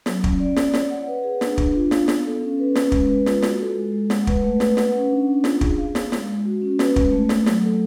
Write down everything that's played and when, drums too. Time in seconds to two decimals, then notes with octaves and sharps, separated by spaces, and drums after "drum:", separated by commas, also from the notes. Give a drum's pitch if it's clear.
0.06 F#3, drum: snare
0.24 C#4, drum: kick
0.40 D5
0.56 D5, drum: snare
0.74 C#5, drum: snare
0.91 F#5
1.07 B4
1.24 G#4
1.41 D4, drum: snare
1.58 D4, drum: kick
1.75 F4
1.91 F5, drum: snare
2.08 B3, drum: snare
2.25 A4
2.42 C#4
2.59 B4
2.75 C#4, drum: snare
2.92 G#3, drum: kick
3.09 B4
3.26 F4, drum: snare
3.42 F#4, drum: snare
3.59 A4
3.77 G#3
3.92 G#3
4.10 F#5, drum: snare
4.27 B4, drum: kick
4.44 A3
4.60 B4, drum: snare
4.77 F#5, drum: snare
4.94 C#4
5.11 D4
5.27 D4
5.44 F4, drum: snare
5.61 G#4, drum: kick
5.78 F5
5.95 F5, drum: snare
6.12 G#3, drum: snare
6.28 G#3
6.45 F#4
6.62 C#4
6.79 B4, drum: snare
6.96 G#3, drum: kick
7.12 A3
7.29 A3, drum: snare
7.46 F#3, drum: snare
7.63 A4